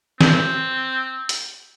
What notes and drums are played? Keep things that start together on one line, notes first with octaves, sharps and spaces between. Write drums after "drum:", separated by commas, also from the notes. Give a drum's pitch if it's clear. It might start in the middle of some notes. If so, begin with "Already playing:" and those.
C4, drum: snare
drum: hi-hat